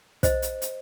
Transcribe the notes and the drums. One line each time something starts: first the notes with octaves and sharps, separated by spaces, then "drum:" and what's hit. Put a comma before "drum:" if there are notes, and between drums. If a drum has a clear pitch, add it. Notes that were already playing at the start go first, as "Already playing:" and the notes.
C5 D#5, drum: kick, hi-hat
drum: hi-hat
drum: hi-hat